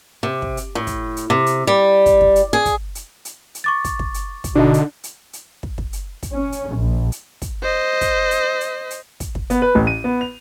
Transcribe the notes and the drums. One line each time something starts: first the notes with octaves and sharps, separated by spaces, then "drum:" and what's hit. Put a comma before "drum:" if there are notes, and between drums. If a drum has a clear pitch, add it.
C3
drum: kick
drum: hi-hat
A2
drum: kick, hi-hat
drum: hi-hat
C3
drum: hi-hat
G3
drum: kick, hi-hat
drum: kick
drum: hi-hat
G#4
drum: kick, hi-hat
drum: hi-hat
drum: hi-hat
drum: hi-hat
C#6 D6 A6
drum: kick, hi-hat
drum: kick
drum: hi-hat
drum: kick, hi-hat
B2 D3 D4 D#4
drum: hi-hat
drum: hi-hat
drum: hi-hat
drum: kick
drum: kick
drum: hi-hat
drum: kick, hi-hat
C#4
drum: hi-hat
A#1
drum: hi-hat
drum: kick, hi-hat
C5 D#5
drum: kick, hi-hat
drum: hi-hat
drum: hi-hat
drum: hi-hat
drum: kick, hi-hat
drum: kick
B3, drum: hi-hat
B4
A1
D#7
B3
F7